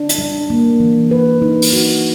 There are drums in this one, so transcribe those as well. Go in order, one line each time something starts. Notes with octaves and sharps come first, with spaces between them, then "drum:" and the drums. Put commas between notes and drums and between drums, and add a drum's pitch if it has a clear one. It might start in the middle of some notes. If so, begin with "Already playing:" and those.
Already playing: D4
drum: hi-hat
G3
A#3
E3
B4
D#4
drum: open hi-hat
F#4